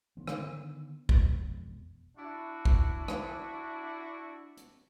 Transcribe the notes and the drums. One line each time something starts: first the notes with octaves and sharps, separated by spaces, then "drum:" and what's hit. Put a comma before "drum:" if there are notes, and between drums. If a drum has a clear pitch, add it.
D3 D#3 B3
drum: rim click
E1 F2 B2 G#3, drum: kick
D4 E4 F#4
drum: kick
drum: rim click
drum: hi-hat